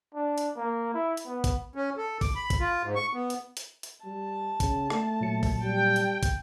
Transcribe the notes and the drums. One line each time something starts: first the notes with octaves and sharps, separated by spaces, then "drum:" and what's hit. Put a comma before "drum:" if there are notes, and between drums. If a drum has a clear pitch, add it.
D4
drum: hi-hat
A#3
E4
drum: hi-hat
B3
drum: kick, hi-hat
C#4
A4
D6, drum: kick, open hi-hat
B5
drum: kick, hi-hat
F4
G#2
C#6
B3
drum: hi-hat
drum: hi-hat
drum: hi-hat
G3 A5
C#3, drum: kick, hi-hat
A3, drum: rim click
A#2 F#3 C#7
drum: kick, open hi-hat
G3 G5
drum: hi-hat
drum: kick, hi-hat